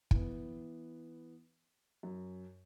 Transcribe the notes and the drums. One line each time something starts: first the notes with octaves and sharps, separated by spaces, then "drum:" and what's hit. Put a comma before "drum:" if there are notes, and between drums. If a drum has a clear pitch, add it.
E3 B3, drum: kick
F#2